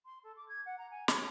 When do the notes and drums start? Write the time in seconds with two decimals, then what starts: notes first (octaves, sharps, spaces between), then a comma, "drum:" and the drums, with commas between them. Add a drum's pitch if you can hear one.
0.05 C6
0.23 A4
0.36 D6
0.48 G#6
0.65 F#5
0.78 A#5
0.91 G#5
1.08 C#5, drum: snare